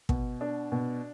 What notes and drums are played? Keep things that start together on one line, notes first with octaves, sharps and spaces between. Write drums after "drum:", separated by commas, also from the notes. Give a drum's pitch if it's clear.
B2, drum: kick
D4
B2